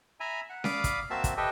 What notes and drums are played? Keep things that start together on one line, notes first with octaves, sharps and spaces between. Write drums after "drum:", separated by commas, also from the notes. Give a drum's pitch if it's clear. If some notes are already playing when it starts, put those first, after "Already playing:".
E5 G#5 A#5 B5
F#5
D5 F5 B5 D6 D#6, drum: snare C#4
drum: kick, hi-hat
A#3 C4 F#4 E5 A5 E6
drum: kick, hi-hat
G4 A4 B4 D#5 E5 G5